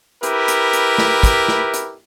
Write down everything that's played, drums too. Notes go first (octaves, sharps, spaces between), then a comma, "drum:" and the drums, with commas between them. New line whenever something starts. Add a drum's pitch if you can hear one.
E4 G4 A#4 B4, drum: hi-hat
drum: hi-hat
drum: hi-hat
drum: snare
drum: kick, hi-hat
drum: snare
drum: hi-hat